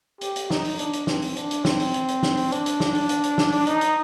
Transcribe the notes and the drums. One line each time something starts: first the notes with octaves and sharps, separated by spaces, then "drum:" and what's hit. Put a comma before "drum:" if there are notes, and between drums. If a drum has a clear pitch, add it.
G4, drum: hi-hat
drum: hi-hat
D#4, drum: snare
drum: open hi-hat
D4, drum: hi-hat
drum: hi-hat
C4, drum: snare
drum: open hi-hat
D4, drum: hi-hat
drum: hi-hat
C4, drum: snare
drum: open hi-hat
drum: hi-hat
drum: hi-hat
drum: snare
drum: open hi-hat
D4, drum: hi-hat
drum: hi-hat
drum: snare
drum: open hi-hat
drum: hi-hat
drum: hi-hat
drum: snare
drum: open hi-hat
D#4, drum: hi-hat
drum: hi-hat